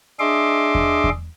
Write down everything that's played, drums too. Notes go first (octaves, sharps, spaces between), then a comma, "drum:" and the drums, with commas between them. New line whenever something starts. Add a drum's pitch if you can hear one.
D4 G#4 D#5 E5 C6 D6
drum: kick E2
drum: kick E2